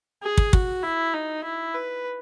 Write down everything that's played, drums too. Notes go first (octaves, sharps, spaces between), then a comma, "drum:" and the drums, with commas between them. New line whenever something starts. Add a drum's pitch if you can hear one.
G#4
drum: kick
F#4, drum: kick
E4
D#4
E4
B4